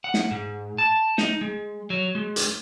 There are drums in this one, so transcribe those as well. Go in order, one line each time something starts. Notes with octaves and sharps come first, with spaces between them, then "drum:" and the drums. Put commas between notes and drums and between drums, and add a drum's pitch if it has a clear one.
F#5
drum: snare
G#2
A5
D#4, drum: snare
G#3
F#3
G#3
drum: hi-hat